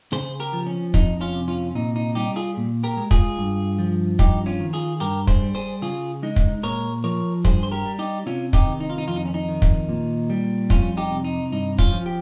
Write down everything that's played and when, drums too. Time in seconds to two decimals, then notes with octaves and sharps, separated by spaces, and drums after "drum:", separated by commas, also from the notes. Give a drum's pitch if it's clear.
0.12 C#3 G#4 C5
0.40 G4 A#4
0.53 F3
0.66 C#4
0.94 F2 D#4, drum: kick
1.21 C#4 F4
1.35 C3
1.48 C#4 F4
1.75 A#2 D#4
1.96 D#4
2.15 G3 D#4 G4
2.36 F4 G#4
2.57 A#2
2.83 G4 A#4
2.97 G#3
3.11 F4 G#4, drum: kick
3.38 G2
3.79 F3
4.19 G2 D#4 G4, drum: kick
4.46 C#4 F4
4.60 D#3
4.73 F4 G#4
5.00 G2 G4 A#4
5.27 G#4 C5, drum: kick
5.41 G3
5.55 G#4 C5
5.82 C#3 F4 G#4
6.23 G#3 D#4
6.36 drum: kick
6.63 A#2 A#4 C#5
7.04 F3 A#4 C#5
7.45 G2 G#4 C5, drum: kick
7.63 C5
7.72 G4 A#4
7.85 G3
7.99 D#4 G4
8.26 C3 C#4 F4
8.53 D#4 G4, drum: kick
8.67 D#3
8.80 D#4
8.90 F4
8.98 D#4
9.07 F2 F4
9.16 D#4
9.25 C#4
9.34 D#4
9.49 D#3
9.62 drum: kick
9.89 A#2
10.30 G3
10.70 F2 C#4 F4, drum: kick
10.97 D#4 G4
11.11 C3
11.24 D#4
11.52 G2 D#4
11.78 C#4 F4, drum: kick
11.92 F3
12.06 G4